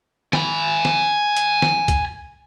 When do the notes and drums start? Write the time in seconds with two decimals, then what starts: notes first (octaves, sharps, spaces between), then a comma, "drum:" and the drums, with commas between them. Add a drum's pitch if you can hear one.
0.33 G#5 B5, drum: snare
0.85 drum: snare
1.37 drum: hi-hat
1.62 drum: snare
1.88 drum: kick, hi-hat